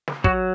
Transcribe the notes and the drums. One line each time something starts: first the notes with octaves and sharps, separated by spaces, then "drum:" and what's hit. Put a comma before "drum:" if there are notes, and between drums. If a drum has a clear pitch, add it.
drum: snare
F#3 F#4, drum: kick